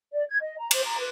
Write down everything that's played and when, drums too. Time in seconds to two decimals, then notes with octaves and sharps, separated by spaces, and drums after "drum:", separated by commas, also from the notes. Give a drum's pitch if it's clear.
0.13 D5
0.28 G#6
0.40 D#5
0.59 A#5
0.71 C5, drum: cymbal
0.84 A#5
0.97 B4